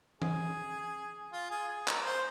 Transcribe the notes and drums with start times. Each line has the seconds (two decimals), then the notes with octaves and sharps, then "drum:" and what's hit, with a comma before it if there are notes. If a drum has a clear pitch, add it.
0.22 G#4, drum: tom E3
1.32 F4
1.51 G#4
1.69 G#4
1.88 A#4, drum: clap
2.05 C5